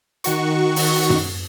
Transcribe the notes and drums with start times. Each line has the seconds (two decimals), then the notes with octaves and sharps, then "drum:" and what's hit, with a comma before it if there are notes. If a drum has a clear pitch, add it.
0.24 D#3 F#4 C#6, drum: hi-hat
0.76 drum: open hi-hat
1.10 drum: tom F#2